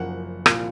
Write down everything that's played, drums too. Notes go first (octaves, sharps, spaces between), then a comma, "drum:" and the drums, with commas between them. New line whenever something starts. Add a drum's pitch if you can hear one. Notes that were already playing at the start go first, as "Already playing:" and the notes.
Already playing: F#1 F#2 F3 F#5
C2 A#2 F3, drum: rim click